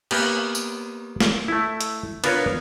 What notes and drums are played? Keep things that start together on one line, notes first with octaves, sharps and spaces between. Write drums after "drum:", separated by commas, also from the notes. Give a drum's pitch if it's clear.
A#3 B3 G4, drum: cymbal
drum: tambourine
drum: snare
A3 E4
drum: hi-hat
B3 D4 F4 A#4 B4 C#5, drum: cymbal